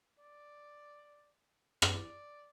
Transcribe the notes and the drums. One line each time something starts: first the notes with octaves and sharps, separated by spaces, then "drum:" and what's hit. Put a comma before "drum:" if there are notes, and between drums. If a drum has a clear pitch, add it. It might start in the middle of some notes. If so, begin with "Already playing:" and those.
D5
D5, drum: rim click